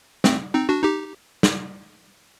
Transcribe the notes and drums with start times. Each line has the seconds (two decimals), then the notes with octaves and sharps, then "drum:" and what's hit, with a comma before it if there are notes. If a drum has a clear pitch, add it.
0.24 A3 C4, drum: snare
0.54 C4 D#4
0.69 D4 F#4
0.83 D#4 G4
1.43 drum: snare